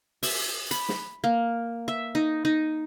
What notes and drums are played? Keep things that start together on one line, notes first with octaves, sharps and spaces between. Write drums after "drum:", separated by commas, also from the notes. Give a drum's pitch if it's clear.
E5, drum: open hi-hat
B5, drum: hi-hat
drum: snare
A#3
E5
D#4
D#4